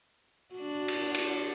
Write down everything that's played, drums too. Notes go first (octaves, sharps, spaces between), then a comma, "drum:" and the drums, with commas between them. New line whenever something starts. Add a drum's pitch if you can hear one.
D4 F#4
drum: cymbal
drum: cymbal